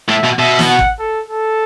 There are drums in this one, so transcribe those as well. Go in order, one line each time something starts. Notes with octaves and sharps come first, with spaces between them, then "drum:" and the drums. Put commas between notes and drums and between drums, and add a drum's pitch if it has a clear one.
A2 E5
B2
B2 E5
drum: snare
F#5
drum: kick
A4
A4